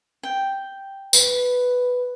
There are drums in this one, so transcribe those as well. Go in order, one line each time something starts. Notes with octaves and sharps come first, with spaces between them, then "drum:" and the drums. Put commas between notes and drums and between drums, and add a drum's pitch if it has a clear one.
G5
B4, drum: tambourine